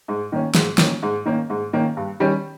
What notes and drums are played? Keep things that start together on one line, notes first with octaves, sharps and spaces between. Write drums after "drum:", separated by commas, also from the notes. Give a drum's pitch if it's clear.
G#2
D#3 A#3 C#4
G#2, drum: snare
D#3 A#3 C#4, drum: snare
G#2
D#3 A#3 C#4
G#2
D#3 A#3 C#4
G2
D#3 G3 C#4